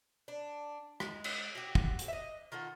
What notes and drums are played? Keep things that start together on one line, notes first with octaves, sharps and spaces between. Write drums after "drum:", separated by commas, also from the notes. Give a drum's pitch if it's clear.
D4
G#3, drum: rim click
drum: cymbal
F#4 G4
drum: kick
drum: hi-hat
D#5 E5
D#3 F4 A4 F#5